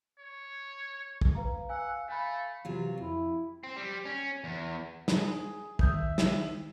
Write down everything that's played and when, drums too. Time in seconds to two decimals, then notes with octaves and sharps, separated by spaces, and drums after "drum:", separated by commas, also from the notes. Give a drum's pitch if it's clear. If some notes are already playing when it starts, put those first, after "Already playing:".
0.20 C#5
1.21 drum: kick
1.35 B4 F5 A#5
1.69 F5 F#5 G#5 E6
2.09 A3 F5 G#5 B5
2.65 C3 E3 F#3 F4
2.97 F2 E4
3.64 C4
3.77 G3
4.05 C#4
4.44 E2
5.08 G#4, drum: snare
5.79 D#3 E5 D#6 G6, drum: kick
6.18 drum: snare